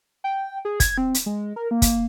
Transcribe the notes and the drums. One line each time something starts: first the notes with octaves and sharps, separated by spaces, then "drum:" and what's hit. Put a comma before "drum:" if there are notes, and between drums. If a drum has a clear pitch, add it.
G5
G#4
G#6, drum: kick, hi-hat
C4
drum: hi-hat
G#3
A#4
A#3
drum: kick, hi-hat